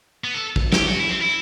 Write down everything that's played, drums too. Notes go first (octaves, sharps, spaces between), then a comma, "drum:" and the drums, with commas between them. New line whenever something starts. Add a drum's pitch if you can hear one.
B3
A4
drum: kick
G4, drum: snare
F#4
E4
C4
E4